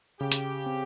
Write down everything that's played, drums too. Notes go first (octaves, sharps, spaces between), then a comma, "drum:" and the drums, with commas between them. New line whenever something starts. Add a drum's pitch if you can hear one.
C#3 G4
drum: hi-hat
C4